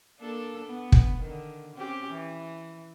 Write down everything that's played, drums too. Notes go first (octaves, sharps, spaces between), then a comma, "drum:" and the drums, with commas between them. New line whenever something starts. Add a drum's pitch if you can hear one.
A#3 D4 A4
B3
drum: kick
D3 D#3
C4 C#4 G4
E3